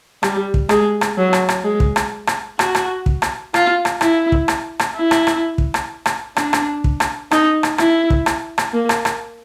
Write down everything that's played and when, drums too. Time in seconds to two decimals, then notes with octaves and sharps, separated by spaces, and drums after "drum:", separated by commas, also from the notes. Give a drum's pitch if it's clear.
0.23 G3, drum: rim click
0.54 drum: kick
0.69 G#3, drum: rim click
1.01 drum: rim click
1.18 F#3
1.33 drum: rim click
1.49 drum: rim click
1.64 G#3
1.80 drum: kick
1.96 drum: rim click
2.27 drum: rim click
2.59 F#4, drum: rim click
2.75 drum: rim click
3.06 drum: kick
3.22 drum: rim click
3.54 F4, drum: rim click
3.85 drum: rim click
4.01 E4, drum: rim click
4.32 drum: kick
4.48 drum: rim click
4.79 drum: rim click
4.96 E4
5.11 drum: rim click
5.27 drum: rim click
5.58 drum: kick
5.74 drum: rim click
6.06 drum: rim click
6.36 D4, drum: rim click
6.53 drum: rim click
6.84 drum: kick
7.00 drum: rim click
7.31 D#4, drum: rim click
7.63 drum: rim click
7.78 E4, drum: rim click
8.10 drum: kick
8.26 drum: rim click
8.58 drum: rim click
8.73 A#3
8.89 drum: rim click
9.05 drum: rim click